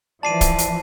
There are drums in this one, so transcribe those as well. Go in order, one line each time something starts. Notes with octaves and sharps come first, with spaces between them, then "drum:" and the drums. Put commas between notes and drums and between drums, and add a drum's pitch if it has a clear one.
E3 F3 D5 A5 C7 D#7
drum: kick, hi-hat
drum: hi-hat